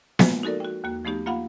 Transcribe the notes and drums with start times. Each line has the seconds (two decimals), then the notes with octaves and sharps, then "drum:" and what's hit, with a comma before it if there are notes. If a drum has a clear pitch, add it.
0.19 F3 G#3 A#3 F4 F#4, drum: snare B3
0.43 D#4 F#4 A4 A#4 D5
0.60 F#4 G5
0.84 D#2 A#3 F#4
1.05 F3 A3 B3 D#4 G4
1.26 A#3 F4 F5 F#5 B5